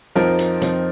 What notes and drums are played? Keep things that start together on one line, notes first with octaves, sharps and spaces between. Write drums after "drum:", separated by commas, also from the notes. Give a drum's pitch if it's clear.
F2 F3 C4 D#4 F4 A#4
drum: hi-hat
F2 F3 C4 D#4, drum: hi-hat